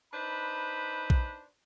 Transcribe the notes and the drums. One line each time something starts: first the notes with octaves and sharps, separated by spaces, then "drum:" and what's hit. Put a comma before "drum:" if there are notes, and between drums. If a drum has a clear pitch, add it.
D4 D#4 B4 C5 B5
drum: kick A#1